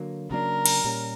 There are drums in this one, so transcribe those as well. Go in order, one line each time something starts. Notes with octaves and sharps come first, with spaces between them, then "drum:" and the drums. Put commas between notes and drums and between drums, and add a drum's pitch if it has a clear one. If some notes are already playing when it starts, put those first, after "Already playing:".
Already playing: D3 F#3 A#3
C#3 F#3 A#3 D4 A#4
drum: cymbal
A#2 G3 C#4